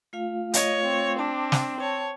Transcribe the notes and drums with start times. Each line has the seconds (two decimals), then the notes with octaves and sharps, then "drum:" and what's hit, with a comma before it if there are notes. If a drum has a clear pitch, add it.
0.13 A3 F4 F5
0.54 C#5 D#5, drum: hi-hat
0.85 C4
1.19 D4 A5 D6
1.52 drum: snare
1.80 C#5 A5